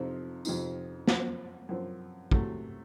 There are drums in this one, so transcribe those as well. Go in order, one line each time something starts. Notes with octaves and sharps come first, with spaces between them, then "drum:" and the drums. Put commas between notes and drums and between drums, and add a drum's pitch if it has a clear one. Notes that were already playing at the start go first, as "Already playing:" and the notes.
Already playing: F2 C3 F3 C4 D#4
F2 C3 F3 C4 D#4, drum: tambourine
F#2 F3 C4, drum: snare
F#2 F3 C4
C3 F#3 A3, drum: kick